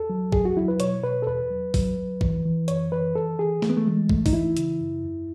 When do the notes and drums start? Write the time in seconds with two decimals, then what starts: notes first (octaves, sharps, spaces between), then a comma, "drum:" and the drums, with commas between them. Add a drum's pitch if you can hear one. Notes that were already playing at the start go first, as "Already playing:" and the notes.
Already playing: E2 A4
0.10 F#3
0.32 E2 G#4, drum: kick
0.45 F#4
0.57 F#3 E4
0.68 B4
0.80 B2 C#5, drum: hi-hat
1.03 B2 B4
1.22 A4
1.27 E2 B4
1.50 F#3
1.74 F#3, drum: kick, open hi-hat
1.97 F#3
2.21 E3, drum: kick
2.45 E3
2.68 F#2 C#5, drum: hi-hat
2.92 E3 B4
3.16 E3 A4
3.38 E3 G#4
3.62 E3 A3, drum: snare
3.69 B3
3.77 A3
3.86 E3 G#3
4.09 E3 A3, drum: kick
4.26 D#4, drum: kick, open hi-hat
4.33 E3 E4
4.57 C#3, drum: hi-hat
4.80 F#2
5.04 E2